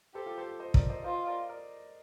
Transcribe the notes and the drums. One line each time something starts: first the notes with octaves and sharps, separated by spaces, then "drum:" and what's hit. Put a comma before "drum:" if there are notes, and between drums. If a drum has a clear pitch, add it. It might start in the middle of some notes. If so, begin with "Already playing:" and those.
G4 A4 C5
F4 A4
A4 C5
C5 D#5
A#4 D5, drum: kick
C5 D#5
F4 C5 D#5
A#4 D5
A#4 D5